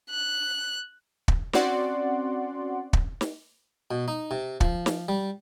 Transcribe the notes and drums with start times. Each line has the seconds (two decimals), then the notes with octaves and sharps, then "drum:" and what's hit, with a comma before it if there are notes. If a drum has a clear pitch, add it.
0.11 F#6
1.28 drum: kick
1.53 C4 C#4 F#4 D5 F#5 C6, drum: snare
2.93 drum: kick
3.21 drum: snare
3.91 B2
4.08 D#4
4.31 C3
4.61 F3, drum: kick
4.86 drum: snare
5.08 G3